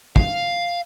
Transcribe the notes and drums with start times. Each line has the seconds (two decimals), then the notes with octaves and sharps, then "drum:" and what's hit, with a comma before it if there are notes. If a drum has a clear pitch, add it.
0.16 F5, drum: kick